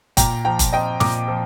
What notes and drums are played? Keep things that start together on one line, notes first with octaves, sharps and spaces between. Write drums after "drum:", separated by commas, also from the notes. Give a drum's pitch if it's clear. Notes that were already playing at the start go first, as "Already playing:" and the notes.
A#2 G5 A#5, drum: kick F1, hi-hat
F3 G5 A#5
drum: kick F1, hi-hat
C4 D#5 G5
A#2 A#5 D6, drum: snare
F3